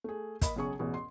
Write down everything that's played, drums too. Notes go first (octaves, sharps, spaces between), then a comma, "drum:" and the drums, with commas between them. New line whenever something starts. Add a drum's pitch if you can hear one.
A3 G#4
A#3 D#5 B5, drum: kick, hi-hat
B1 C#3 G#4 C#6
A1 E2 B2 G#4
C6